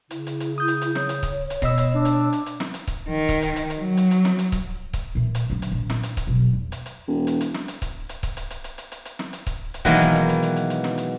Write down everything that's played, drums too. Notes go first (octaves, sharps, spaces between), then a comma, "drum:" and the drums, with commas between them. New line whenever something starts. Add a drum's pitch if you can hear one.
C#3 E4, drum: hi-hat
drum: hi-hat
drum: hi-hat
D#6 G6
drum: hi-hat
drum: hi-hat
C#5, drum: snare
drum: hi-hat
drum: kick C#1, hi-hat
drum: hi-hat
B2 D#5 E6, drum: kick C#1, hi-hat
drum: hi-hat
D4
drum: hi-hat
drum: hi-hat
drum: hi-hat
drum: snare
drum: hi-hat
drum: kick C#1, hi-hat
D#3
drum: kick C#1, hi-hat
drum: hi-hat
drum: hi-hat
drum: hi-hat
F#3
drum: hi-hat
drum: hi-hat
drum: snare
drum: hi-hat
drum: kick C#1, hi-hat
drum: kick C#1, hi-hat
A#2 E3
drum: hi-hat
F#2 D3
drum: hi-hat
A#1
drum: snare
drum: hi-hat
drum: kick C#1, hi-hat
B2 F#3
E2
drum: hi-hat
drum: hi-hat
E1
drum: hi-hat
drum: hi-hat
drum: snare
drum: hi-hat
drum: kick C#1, hi-hat
drum: hi-hat
drum: kick C#1, hi-hat
drum: hi-hat
drum: hi-hat
drum: hi-hat
drum: hi-hat
drum: hi-hat
drum: hi-hat
drum: snare
drum: hi-hat
drum: kick C#1, hi-hat
drum: hi-hat
B2 D#3 E3 F#3 G#3 A#3, drum: kick C#1, hi-hat
drum: hi-hat
drum: hi-hat
drum: hi-hat
drum: hi-hat
drum: hi-hat
drum: hi-hat
drum: snare
drum: hi-hat